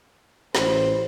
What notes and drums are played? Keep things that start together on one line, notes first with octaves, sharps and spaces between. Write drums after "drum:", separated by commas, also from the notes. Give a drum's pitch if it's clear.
A1 C5, drum: snare